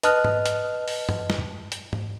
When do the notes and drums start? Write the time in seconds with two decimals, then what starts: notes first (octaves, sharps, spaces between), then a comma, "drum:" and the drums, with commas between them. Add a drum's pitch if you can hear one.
0.03 B4 D#5 A5 D#6 F6 F#6, drum: hi-hat
0.24 drum: tom G#2
0.46 drum: hi-hat
0.88 drum: open hi-hat
1.09 drum: tom G2
1.30 drum: snare
1.72 drum: hi-hat
1.93 drum: tom G#2